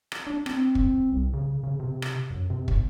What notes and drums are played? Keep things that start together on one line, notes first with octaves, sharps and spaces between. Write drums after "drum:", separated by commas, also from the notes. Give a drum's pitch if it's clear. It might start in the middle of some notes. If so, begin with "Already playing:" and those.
drum: rim click
D4
C4, drum: rim click
drum: kick
C2
C#3
C#3
C3
drum: rim click
F#2
C3
G#1, drum: kick